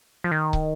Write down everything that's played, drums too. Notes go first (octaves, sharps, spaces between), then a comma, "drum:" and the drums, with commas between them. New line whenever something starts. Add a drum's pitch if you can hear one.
F3
D#3
drum: kick